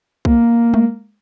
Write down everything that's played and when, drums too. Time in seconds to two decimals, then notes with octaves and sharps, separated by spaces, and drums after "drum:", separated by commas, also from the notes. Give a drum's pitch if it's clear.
0.25 A#3, drum: kick B1
0.74 drum: tom G#3